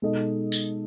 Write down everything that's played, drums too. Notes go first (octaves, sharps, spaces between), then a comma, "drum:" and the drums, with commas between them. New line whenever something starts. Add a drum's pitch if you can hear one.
B2 G#3 D#4 A4 D#5
drum: tambourine